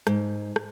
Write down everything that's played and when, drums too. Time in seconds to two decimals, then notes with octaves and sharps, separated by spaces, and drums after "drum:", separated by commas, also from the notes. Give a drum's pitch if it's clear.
0.07 G#2, drum: rim click
0.56 drum: rim click